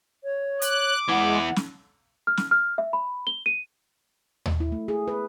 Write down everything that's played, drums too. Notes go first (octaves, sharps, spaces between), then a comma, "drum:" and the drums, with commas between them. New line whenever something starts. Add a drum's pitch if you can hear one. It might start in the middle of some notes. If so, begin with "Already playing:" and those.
C#5
D6 F#6, drum: hi-hat
E3 G#3 B3 F#5
drum: snare
F6
drum: snare
F6
E5
B5
G7
D#7
drum: tom D#2
E4
A3
G#4
B4